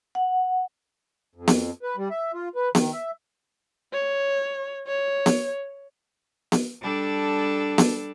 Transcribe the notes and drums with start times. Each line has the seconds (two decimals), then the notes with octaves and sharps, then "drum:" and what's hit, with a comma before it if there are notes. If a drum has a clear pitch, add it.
0.15 F#5
1.36 F2
1.48 drum: snare B3
1.83 B4
1.97 G3
2.11 E5
2.34 F4
2.56 B4
2.75 D#3, drum: snare B3
2.93 E5
3.93 C#5
4.87 C#5
5.26 drum: snare B3
6.52 drum: snare B3
6.82 G3 D4 A4
7.78 drum: snare B3